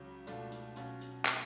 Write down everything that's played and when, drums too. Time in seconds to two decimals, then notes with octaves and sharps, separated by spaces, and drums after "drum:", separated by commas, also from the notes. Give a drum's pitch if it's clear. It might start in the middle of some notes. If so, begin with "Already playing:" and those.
Already playing: C#2 C#3 F#3 C#4
0.27 C#2 B2 A3 D4 F4, drum: hi-hat
0.51 drum: hi-hat
0.76 B2 F#3 C#4 F4, drum: hi-hat
1.01 drum: hi-hat
1.25 drum: clap